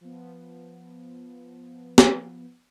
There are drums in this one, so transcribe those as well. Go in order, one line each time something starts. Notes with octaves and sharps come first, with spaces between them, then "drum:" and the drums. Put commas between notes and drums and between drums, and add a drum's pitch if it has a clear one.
F3 B3
drum: snare